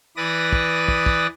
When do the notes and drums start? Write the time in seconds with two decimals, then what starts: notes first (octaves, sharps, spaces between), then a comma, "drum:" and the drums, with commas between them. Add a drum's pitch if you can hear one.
0.17 E3 B4 D5 D#6 A#6
0.53 drum: kick
0.88 drum: kick
1.06 drum: kick